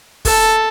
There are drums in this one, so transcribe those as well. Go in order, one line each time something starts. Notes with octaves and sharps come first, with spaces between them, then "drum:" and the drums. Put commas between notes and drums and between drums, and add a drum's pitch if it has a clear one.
A4, drum: kick, open hi-hat